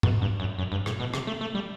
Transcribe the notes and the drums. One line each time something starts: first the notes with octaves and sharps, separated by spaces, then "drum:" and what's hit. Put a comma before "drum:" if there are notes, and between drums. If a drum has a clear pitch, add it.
B2, drum: tom G#2
G2
F#2
F#2
G2
A2, drum: rim click
B2
C3, drum: rim click
A3
A3
G3